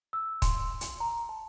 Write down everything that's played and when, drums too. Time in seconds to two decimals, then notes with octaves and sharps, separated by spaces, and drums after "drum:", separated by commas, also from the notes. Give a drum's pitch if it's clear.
0.13 E6
0.42 C6, drum: kick, hi-hat
0.81 drum: hi-hat
1.00 A#5
1.29 A5